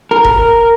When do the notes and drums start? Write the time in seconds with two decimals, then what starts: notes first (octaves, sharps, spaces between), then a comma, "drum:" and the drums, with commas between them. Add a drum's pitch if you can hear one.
0.11 A#4
0.24 drum: kick F1